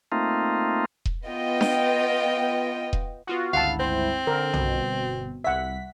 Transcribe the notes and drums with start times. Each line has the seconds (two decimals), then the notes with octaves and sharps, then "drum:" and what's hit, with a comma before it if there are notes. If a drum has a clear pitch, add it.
0.12 A3 A#3 C4 D#4 F4
1.05 drum: kick E1
1.28 B3 F4 D#5 G5
1.61 drum: snare D4
2.93 drum: kick E1
3.27 B3 F4 F#4
3.53 G1 C#2 E4 F5 F#5 A5
3.80 C4 C5
4.27 D3 A#4
4.53 G1 B2, drum: tom B1
5.44 C2 E5 F#5 B6